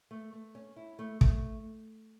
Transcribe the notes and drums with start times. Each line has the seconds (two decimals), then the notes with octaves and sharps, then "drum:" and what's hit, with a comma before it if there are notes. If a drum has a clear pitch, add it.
0.11 A3
0.33 A3
0.55 C#4
0.76 E4
0.99 A3
1.21 A3, drum: kick